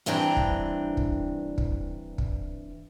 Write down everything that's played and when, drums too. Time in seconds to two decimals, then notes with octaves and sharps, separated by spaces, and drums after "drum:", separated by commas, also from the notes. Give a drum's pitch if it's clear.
0.06 G2 E3 C4 D4 G5 A#5
0.37 drum: kick
0.97 drum: kick
1.58 drum: kick
2.18 drum: kick